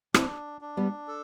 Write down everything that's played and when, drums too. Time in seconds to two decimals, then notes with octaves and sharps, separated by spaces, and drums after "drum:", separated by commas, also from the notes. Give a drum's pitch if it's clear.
0.14 C4 D4 E4, drum: rim click
0.61 D4
0.77 G3 B3
1.08 A4